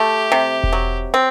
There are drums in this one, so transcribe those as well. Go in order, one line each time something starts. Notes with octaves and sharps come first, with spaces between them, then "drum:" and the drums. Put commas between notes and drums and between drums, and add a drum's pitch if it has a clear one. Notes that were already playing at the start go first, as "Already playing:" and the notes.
Already playing: A3 G4
C3
drum: kick E1
F#3
C4